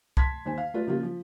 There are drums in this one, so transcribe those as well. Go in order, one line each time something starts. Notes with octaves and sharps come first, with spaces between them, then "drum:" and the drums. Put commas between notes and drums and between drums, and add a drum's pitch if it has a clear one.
A5 C6 G#6 B6, drum: kick
D#2 C5 G#5
F5
A3 F4 B4 D5
C#3 F3 A#3 F4 G4
F3